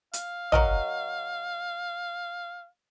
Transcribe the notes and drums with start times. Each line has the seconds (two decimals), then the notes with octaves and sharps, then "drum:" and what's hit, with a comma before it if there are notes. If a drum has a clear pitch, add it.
0.13 F5, drum: hi-hat
0.52 F#3 A#4 D#5, drum: tom